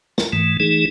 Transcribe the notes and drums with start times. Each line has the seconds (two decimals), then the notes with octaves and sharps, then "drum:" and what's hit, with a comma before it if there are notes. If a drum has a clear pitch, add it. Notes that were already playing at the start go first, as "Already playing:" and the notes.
0.18 A5 A#5, drum: snare
0.33 G#2 E3 A3
0.60 E3 A3 D#4 G#4